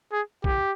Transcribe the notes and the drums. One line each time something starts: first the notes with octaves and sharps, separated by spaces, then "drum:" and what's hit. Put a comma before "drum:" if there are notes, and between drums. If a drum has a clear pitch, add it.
G#4
G4, drum: kick